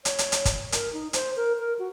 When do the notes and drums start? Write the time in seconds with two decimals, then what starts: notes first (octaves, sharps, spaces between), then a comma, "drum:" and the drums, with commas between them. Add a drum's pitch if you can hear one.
0.05 C#5, drum: hi-hat
0.19 drum: hi-hat
0.32 drum: hi-hat
0.45 drum: kick, hi-hat
0.72 A#4, drum: hi-hat
0.93 D#4
1.13 C5, drum: hi-hat
1.36 A#4
1.59 A#4
1.79 F#4